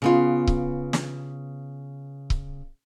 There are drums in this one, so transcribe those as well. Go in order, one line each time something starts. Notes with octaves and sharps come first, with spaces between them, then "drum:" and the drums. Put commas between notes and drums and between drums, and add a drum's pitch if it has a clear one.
C#3 B3 F4
drum: kick C#1
drum: snare
drum: kick C#1